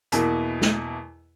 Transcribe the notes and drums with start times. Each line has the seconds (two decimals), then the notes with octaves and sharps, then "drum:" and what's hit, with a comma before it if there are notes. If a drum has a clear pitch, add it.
0.12 E2 B2 A#3 E4, drum: hi-hat
0.62 drum: snare